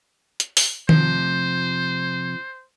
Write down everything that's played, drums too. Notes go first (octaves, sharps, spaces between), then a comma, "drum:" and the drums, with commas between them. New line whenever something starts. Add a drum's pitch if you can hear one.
drum: hi-hat
drum: open hi-hat
C3 F3 C5, drum: tom D#3